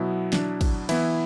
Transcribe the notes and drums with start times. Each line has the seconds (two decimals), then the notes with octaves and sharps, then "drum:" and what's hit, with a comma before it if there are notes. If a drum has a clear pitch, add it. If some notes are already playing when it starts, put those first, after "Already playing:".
Already playing: B2 F#3 B3 E4
0.33 D4, drum: snare
0.61 drum: kick, cymbal
0.89 E3 B3 E4, drum: cymbal